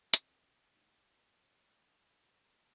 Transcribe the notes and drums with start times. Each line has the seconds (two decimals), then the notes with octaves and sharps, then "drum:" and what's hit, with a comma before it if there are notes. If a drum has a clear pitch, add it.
0.14 C4, drum: hi-hat
0.71 A3 D#4